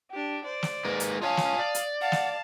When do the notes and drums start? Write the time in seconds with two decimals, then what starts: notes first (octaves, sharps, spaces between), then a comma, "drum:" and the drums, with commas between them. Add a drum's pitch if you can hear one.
0.11 D4 G4
0.44 C5 D5
0.63 drum: snare
0.85 G#3 A#3 D#4 B4
1.00 drum: hi-hat
1.22 F4 C#5 F5 G#5 A5 D#6
1.37 drum: snare
1.59 D5
1.75 drum: hi-hat
2.01 F5 F#5 A5
2.12 drum: snare